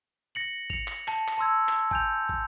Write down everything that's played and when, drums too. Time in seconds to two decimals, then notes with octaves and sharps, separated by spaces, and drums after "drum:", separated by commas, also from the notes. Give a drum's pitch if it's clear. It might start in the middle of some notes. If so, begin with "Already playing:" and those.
0.35 A#6 C#7 F#7
0.70 C#7 F7, drum: kick
0.88 drum: clap
1.08 A5, drum: clap
1.28 drum: clap
1.38 A5 C6 E6 G#6
1.68 drum: clap
1.91 G#5 G6 F7, drum: kick
2.29 drum: kick